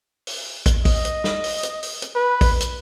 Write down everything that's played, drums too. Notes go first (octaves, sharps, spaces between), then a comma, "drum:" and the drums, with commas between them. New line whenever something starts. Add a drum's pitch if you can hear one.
drum: open hi-hat
drum: kick, hi-hat
D#5, drum: kick, open hi-hat
drum: hi-hat
drum: snare
drum: open hi-hat
drum: hi-hat
drum: open hi-hat
drum: hi-hat
B4
drum: kick, open hi-hat
drum: hi-hat